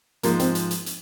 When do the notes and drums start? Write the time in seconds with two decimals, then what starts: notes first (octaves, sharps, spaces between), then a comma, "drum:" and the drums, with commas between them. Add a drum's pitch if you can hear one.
0.23 G#2 F3 G#3 A#3, drum: hi-hat
0.39 C4, drum: hi-hat
0.55 drum: hi-hat
0.71 drum: hi-hat
0.86 drum: hi-hat